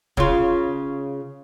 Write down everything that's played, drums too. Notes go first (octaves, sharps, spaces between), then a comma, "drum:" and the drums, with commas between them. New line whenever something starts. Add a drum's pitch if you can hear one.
C#3 F4, drum: kick